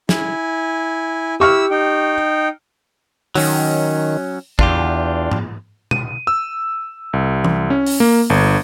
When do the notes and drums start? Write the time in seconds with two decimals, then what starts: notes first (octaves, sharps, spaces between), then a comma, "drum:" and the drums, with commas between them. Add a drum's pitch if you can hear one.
0.09 E4 G#5, drum: snare
1.40 E4 G4 C#6 E6 F6
1.71 D#4 G5
3.35 D#3 F#3 C#4, drum: open hi-hat
4.59 E2 D4 F4 G4, drum: kick
5.31 drum: tom G#2
5.91 D#7, drum: tom B2
6.27 E6
7.13 C2
7.44 drum: tom
7.70 C#4
7.86 drum: open hi-hat
8.00 A#3
8.30 G1